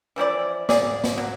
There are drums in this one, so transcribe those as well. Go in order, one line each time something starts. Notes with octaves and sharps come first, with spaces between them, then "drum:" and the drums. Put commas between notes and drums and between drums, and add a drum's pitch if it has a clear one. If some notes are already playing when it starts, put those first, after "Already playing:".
E3 F3 E4 D5
G#4 D5, drum: snare
drum: snare
F#3